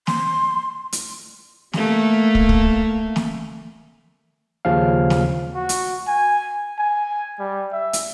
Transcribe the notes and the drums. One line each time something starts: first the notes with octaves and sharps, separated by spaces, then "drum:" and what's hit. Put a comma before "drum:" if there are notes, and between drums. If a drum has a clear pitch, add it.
C6, drum: snare
drum: hi-hat
A3 A#3, drum: snare
drum: kick
drum: kick
drum: snare
D#2 C#3 F3 C#4 F5
drum: snare
F#4
drum: hi-hat
G#5
G#5
G3
E5
drum: hi-hat